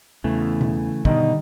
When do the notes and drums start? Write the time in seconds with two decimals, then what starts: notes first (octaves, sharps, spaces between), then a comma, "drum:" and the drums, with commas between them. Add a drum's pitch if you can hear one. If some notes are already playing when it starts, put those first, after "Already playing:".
0.24 E2 C#3 E3 A3
0.61 drum: tom B2
1.05 B2 D3 D#3 G3 D#4, drum: kick